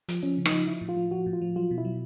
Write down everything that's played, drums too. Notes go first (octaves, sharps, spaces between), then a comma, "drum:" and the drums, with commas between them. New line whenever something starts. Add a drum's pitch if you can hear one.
F3, drum: hi-hat
F3 C#4
C#3
D#4, drum: rim click
F3
F3 E4
A2
F4
F3
F3 F#4
A2
F4
F3
F#3 F4
B2
E4
F#3